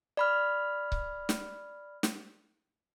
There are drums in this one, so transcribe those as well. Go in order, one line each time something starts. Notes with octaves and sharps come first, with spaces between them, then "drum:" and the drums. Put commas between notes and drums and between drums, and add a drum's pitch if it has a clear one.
D5 B5 F6
drum: kick C#1
drum: snare
drum: snare